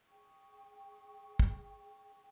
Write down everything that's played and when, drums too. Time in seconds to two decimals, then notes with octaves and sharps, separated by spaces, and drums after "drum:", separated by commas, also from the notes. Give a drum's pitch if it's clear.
0.08 G#4 G5 C#6
1.39 drum: kick